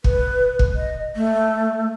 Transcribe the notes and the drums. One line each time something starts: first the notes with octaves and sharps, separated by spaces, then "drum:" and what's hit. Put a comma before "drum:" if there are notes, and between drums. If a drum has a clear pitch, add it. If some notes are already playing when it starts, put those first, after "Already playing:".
B4, drum: kick
drum: kick
D#5
A3